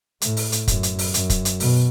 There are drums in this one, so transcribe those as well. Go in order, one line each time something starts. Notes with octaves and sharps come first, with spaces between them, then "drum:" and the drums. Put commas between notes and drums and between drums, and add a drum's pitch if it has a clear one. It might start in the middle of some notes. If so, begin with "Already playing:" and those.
A2, drum: hi-hat
drum: open hi-hat
drum: hi-hat
F#2, drum: kick, hi-hat
drum: hi-hat
drum: open hi-hat
F#2, drum: hi-hat
drum: kick, hi-hat
drum: hi-hat
B2, drum: open hi-hat